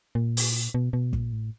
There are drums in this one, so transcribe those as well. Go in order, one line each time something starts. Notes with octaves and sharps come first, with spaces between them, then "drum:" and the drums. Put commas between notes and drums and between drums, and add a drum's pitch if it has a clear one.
A#2
drum: open hi-hat
B2
B2
A#2, drum: kick
A2